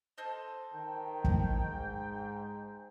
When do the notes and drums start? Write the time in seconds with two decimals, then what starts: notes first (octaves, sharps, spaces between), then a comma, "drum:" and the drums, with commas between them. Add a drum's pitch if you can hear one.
0.18 A4 C5 D#5
0.74 D#3 G5
1.24 drum: kick
1.65 G#2